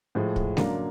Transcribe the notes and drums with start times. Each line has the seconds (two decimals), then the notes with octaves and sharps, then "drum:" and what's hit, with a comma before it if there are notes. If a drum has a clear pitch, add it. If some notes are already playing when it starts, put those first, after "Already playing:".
0.15 A2 F3 G#3
0.36 drum: kick
0.57 F#2 D3 F#3 A#3 D4, drum: snare G#3